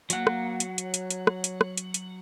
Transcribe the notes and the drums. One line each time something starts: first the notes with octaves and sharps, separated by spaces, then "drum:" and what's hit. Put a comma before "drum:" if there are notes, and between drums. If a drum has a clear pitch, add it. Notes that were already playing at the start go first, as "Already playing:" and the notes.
F#3 A#3 F#5, drum: hi-hat
drum: rim click
drum: hi-hat
C#5, drum: hi-hat
drum: hi-hat
drum: hi-hat
drum: rim click
drum: hi-hat
drum: rim click
drum: hi-hat
drum: hi-hat